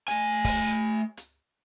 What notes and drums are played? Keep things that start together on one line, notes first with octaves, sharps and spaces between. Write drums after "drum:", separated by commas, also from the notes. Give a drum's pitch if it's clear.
A3 G#5, drum: hi-hat
drum: kick, open hi-hat
drum: hi-hat